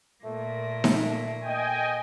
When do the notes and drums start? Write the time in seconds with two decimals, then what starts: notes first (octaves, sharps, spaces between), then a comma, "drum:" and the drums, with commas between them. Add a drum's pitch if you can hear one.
0.24 A#2 A3 A#3
0.84 drum: snare D#4
1.41 D#5 G5 G#5